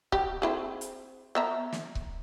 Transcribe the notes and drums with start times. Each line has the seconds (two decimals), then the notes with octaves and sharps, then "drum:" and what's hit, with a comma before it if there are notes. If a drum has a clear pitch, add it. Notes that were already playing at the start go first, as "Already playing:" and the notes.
0.12 G4, drum: kick C#1
0.42 C4 E4 G#4
0.81 drum: hi-hat
1.35 B3 E5 A#5
1.72 drum: snare
1.95 drum: kick C#1